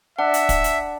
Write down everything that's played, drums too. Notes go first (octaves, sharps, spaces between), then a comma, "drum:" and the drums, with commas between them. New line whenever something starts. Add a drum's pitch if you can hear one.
D4 E5 F#5
drum: hi-hat
drum: kick, hi-hat
drum: hi-hat